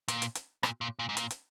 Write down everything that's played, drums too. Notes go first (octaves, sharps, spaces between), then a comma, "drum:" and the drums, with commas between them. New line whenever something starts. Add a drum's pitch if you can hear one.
A#2, drum: hi-hat
drum: hi-hat
drum: hi-hat
A#2, drum: rim click
A#2
A#2
G#2
A#2, drum: hi-hat
drum: hi-hat